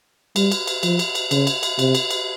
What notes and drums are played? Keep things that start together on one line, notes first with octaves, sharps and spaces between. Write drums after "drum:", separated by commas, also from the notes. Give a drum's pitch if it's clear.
G3, drum: cymbal
drum: cymbal
drum: cymbal
F3, drum: cymbal
drum: cymbal
drum: cymbal
C#3, drum: cymbal
drum: cymbal
drum: cymbal
C3, drum: cymbal
drum: cymbal
drum: cymbal